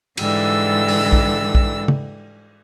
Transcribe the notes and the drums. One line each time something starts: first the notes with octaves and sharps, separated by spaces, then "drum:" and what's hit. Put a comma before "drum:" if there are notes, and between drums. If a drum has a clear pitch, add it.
G#2 D3 E3 G3 E6, drum: cymbal
drum: open hi-hat
drum: kick A#1
drum: kick A#1
drum: tom